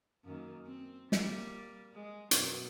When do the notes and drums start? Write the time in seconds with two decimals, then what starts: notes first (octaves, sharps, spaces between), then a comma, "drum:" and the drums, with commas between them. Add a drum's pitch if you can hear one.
0.25 F#2 D#3 A#3
0.65 C4
1.12 G3 A#3, drum: snare
1.94 G#3
2.31 F#2 B2 F#3, drum: hi-hat